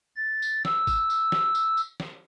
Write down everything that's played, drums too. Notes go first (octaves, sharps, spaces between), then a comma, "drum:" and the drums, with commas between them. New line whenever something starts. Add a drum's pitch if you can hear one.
A6
drum: tambourine
E6, drum: snare
drum: kick, tambourine
drum: tambourine
drum: snare
drum: tambourine
drum: tambourine
drum: snare